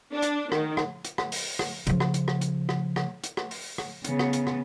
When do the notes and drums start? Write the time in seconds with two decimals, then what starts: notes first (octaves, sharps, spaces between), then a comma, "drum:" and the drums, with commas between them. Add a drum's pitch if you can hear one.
0.13 D4
0.22 drum: hi-hat
0.52 D#3, drum: rim click
0.77 drum: rim click
1.05 drum: hi-hat
1.18 drum: rim click
1.32 drum: open hi-hat
1.59 drum: rim click
1.87 C#3 F3, drum: hi-hat
2.00 drum: rim click
2.14 drum: hi-hat
2.28 drum: rim click
2.41 drum: hi-hat
2.69 drum: rim click
2.96 drum: rim click
3.24 drum: hi-hat
3.37 drum: rim click
3.51 drum: open hi-hat
3.78 drum: rim click
4.05 C#3 B3, drum: hi-hat
4.19 drum: rim click
4.33 drum: hi-hat
4.47 drum: rim click